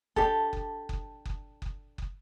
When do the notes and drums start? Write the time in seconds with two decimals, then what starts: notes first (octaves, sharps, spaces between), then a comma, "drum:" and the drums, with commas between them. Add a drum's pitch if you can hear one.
0.16 D4 G4 A4, drum: kick F#1
0.53 drum: kick F#1
0.89 drum: kick F#1
1.25 drum: kick F#1
1.62 drum: kick F#1
1.98 drum: kick F#1